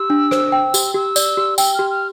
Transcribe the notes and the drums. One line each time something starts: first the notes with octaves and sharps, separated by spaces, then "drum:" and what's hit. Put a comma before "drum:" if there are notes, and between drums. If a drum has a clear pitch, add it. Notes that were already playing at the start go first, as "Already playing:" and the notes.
Already playing: G4 E6
D4
C5, drum: rim click
G5
G4, drum: tambourine
G4 E6
D5, drum: tambourine
G4
G5 E6, drum: tambourine
G4 F6
F6